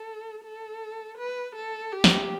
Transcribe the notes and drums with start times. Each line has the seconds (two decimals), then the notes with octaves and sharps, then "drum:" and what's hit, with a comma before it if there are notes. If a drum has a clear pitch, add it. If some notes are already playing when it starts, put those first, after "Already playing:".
Already playing: A4
0.43 A4
1.18 B4
1.55 A4
1.92 G4
2.04 drum: snare